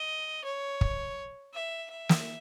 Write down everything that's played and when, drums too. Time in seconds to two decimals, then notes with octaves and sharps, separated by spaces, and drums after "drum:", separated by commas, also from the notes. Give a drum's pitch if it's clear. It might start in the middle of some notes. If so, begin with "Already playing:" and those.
Already playing: D#5
0.44 C#5
0.81 drum: kick
1.54 E5
1.90 E5
2.09 drum: snare